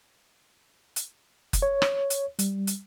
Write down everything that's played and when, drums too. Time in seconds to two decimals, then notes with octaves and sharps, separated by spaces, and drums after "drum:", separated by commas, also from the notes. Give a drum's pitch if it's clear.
0.96 drum: hi-hat
1.53 drum: kick F#1, hi-hat
1.62 C#5
1.82 drum: rim click
2.10 drum: hi-hat
2.39 G3, drum: hi-hat
2.67 drum: hi-hat